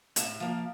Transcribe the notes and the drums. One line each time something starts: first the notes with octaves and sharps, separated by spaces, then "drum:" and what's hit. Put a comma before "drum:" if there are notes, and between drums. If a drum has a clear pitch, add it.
A2 E5, drum: hi-hat
F3 A#3